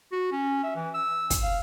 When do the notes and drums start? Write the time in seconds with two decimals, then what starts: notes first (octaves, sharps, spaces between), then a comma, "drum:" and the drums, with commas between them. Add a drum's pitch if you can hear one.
0.12 F#4
0.32 C#4
0.63 E5
0.76 E3
0.94 E6
1.30 drum: kick, hi-hat
1.43 F5